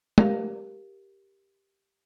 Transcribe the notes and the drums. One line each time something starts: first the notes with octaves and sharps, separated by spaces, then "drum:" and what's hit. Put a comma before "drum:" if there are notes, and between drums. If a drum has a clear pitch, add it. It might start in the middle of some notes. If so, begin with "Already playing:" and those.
G4 A#4 F5, drum: tom